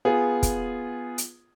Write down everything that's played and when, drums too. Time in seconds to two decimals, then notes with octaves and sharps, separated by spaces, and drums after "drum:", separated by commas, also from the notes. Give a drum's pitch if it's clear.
0.05 B3 F4 G#4
0.43 drum: kick, hi-hat
1.18 drum: hi-hat